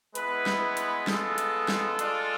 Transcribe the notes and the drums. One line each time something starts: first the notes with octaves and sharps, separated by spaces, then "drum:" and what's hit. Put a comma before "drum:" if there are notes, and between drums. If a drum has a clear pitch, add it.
G#3 B3 E4 B4, drum: hi-hat
drum: snare
B4
drum: hi-hat
G#3 B3 F4 A4, drum: snare
drum: hi-hat
drum: snare
G#3 D4 F4, drum: hi-hat